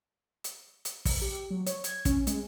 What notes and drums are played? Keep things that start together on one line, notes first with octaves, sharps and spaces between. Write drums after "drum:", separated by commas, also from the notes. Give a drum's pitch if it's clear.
drum: hi-hat
drum: hi-hat
drum: kick, open hi-hat
G4
F#3
C#5, drum: hi-hat
G#6, drum: hi-hat
C#4, drum: kick, hi-hat
G#3, drum: hi-hat